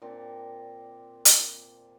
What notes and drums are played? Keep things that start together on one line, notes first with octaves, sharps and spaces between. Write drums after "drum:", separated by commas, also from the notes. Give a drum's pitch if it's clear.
A#2 C4 D4 A#4
drum: hi-hat